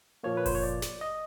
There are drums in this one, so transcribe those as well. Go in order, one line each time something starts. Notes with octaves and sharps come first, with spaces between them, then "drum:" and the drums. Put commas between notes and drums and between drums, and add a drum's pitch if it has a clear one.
A#2 F3 A#3 C#5
B4
C5, drum: kick F#1, open hi-hat
C#5
D5
drum: snare
D#5